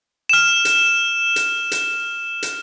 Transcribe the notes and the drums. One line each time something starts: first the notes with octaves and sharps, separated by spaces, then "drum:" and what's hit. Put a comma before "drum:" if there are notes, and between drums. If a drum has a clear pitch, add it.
F6 E7
drum: hi-hat
drum: hi-hat
drum: hi-hat
drum: hi-hat